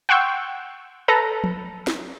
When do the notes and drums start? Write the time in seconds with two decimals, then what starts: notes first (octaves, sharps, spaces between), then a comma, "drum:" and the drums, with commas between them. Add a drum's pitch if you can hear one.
0.09 F#5 G5 C6 C#6 E6 G6
1.08 A4 B4 A#5
1.44 drum: tom
1.87 drum: snare